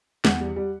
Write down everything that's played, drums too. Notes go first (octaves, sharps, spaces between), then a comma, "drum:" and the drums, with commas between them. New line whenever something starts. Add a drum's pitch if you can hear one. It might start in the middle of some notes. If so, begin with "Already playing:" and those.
E2 F#5, drum: snare
G3
G3